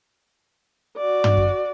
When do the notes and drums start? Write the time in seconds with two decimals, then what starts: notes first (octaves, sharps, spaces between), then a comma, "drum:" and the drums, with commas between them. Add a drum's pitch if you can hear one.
0.97 F#4 D5
1.24 drum: tom
1.37 drum: kick G1